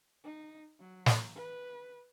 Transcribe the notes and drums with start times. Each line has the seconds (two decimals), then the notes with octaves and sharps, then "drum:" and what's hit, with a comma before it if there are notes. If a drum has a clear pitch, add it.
0.24 D#4
0.80 F#3
1.06 drum: snare
1.35 B4